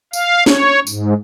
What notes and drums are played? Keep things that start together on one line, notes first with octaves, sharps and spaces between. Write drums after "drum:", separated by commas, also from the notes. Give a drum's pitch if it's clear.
F5, drum: tambourine
C#5, drum: snare
G#2, drum: tambourine